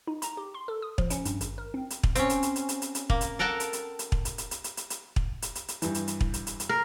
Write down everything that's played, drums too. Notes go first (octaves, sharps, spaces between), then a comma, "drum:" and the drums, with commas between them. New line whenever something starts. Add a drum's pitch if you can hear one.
D#4
A#5, drum: hi-hat
G4
C6
A4
D#6
F3, drum: kick
C#4, drum: hi-hat
G2, drum: hi-hat
G#1, drum: hi-hat
A#4
C4
drum: hi-hat
drum: kick
C4 C#4, drum: hi-hat
drum: hi-hat
drum: hi-hat
drum: hi-hat
drum: hi-hat
drum: hi-hat
drum: hi-hat
A#3, drum: kick
drum: hi-hat
A4 A#4 F#5 G5 A5
drum: hi-hat
drum: hi-hat
drum: hi-hat
drum: kick
drum: hi-hat
drum: hi-hat
drum: hi-hat
drum: hi-hat
drum: hi-hat
drum: hi-hat
drum: kick
drum: hi-hat
drum: hi-hat
drum: hi-hat
G2 E3, drum: hi-hat
drum: hi-hat
drum: hi-hat
drum: kick
drum: hi-hat
drum: hi-hat
drum: hi-hat
A#4